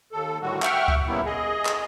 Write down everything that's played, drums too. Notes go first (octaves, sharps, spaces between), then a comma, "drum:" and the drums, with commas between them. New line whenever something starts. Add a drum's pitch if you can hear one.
D#2 A4
A2 D3 D#3 G3 F#4
E5 F#5 G5 C#6 F6, drum: clap
drum: kick C#2
C#3 G3 A#3 B3 E4
G#4 D#5
drum: clap